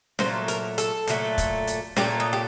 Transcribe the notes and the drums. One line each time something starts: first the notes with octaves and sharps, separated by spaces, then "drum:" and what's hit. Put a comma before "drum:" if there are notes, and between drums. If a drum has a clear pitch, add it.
A#2 F#3 A3 C5, drum: snare C#4
A#4, drum: hi-hat
A4, drum: hi-hat
A#2 F#3 A3, drum: hi-hat
drum: kick, hi-hat
drum: hi-hat
A#2 F#3 A3 G4, drum: snare C#4
D#4
G4